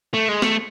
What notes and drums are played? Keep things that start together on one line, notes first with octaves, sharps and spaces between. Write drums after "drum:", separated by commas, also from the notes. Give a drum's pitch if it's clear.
A3
G#3
A3, drum: snare